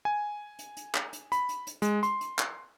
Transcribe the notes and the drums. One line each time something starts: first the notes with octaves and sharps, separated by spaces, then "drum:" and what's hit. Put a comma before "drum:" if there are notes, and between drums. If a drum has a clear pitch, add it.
G#5
drum: hi-hat
drum: hi-hat
drum: clap
drum: hi-hat
B5, drum: hi-hat
drum: hi-hat
drum: hi-hat
G#3, drum: hi-hat
C6, drum: hi-hat
drum: hi-hat
drum: clap